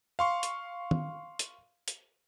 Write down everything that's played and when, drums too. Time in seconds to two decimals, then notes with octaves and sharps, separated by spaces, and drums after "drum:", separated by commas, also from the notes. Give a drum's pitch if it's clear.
0.19 F5 C6 C#6
0.43 drum: hi-hat
0.91 drum: tom D#3
1.39 drum: hi-hat
1.88 drum: hi-hat